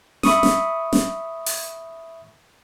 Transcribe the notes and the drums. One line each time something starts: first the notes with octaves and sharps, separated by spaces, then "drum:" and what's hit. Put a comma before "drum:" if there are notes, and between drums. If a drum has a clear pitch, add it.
E5 B5 C#6 D#6, drum: snare
drum: snare
drum: snare
drum: open hi-hat